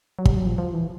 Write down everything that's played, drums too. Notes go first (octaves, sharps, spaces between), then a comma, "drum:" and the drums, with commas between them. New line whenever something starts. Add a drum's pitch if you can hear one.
F#3
G3, drum: kick
F#3
F3
F3
E3